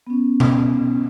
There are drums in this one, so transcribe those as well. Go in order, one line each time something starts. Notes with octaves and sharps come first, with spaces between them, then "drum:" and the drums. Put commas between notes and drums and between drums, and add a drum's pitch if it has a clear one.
B3 C#4
drum: tom B2